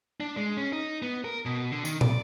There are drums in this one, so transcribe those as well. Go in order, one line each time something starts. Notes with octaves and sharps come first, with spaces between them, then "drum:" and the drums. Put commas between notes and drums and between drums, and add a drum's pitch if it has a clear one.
D4
G#3
C#4
D#4
B3
A#4
B2
D3
D#3, drum: tambourine
D5, drum: tom